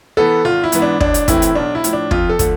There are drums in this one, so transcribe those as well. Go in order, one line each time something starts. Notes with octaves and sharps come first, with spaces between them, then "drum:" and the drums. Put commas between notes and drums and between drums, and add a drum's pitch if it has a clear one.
E3 B3 A4
G#1 F4
E4
G#2 E3 B3, drum: hi-hat
D4
A1 D4, drum: kick
drum: hi-hat
A2 E3 A3 C4 E4, drum: kick, hi-hat
drum: hi-hat
B1 D4
E4
A2 F3, drum: hi-hat
D4
F2 F4, drum: kick
A4
D3 F3 A3, drum: kick, hi-hat